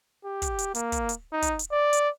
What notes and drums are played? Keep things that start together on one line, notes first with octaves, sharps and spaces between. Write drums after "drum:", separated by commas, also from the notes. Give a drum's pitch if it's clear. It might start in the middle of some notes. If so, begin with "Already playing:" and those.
G4
drum: kick, hi-hat
drum: hi-hat
A#3, drum: hi-hat
drum: kick, hi-hat
drum: hi-hat
D#4
drum: kick, hi-hat
drum: hi-hat
D5
drum: hi-hat